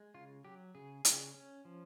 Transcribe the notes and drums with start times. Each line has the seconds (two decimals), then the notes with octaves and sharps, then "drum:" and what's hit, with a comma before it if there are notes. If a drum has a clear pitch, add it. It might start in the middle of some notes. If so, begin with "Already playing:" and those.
Already playing: G#3
0.14 C#3 F4
0.44 F#3 G4
0.75 C#3 G#4
1.05 C#3, drum: hi-hat
1.34 C#4
1.65 F3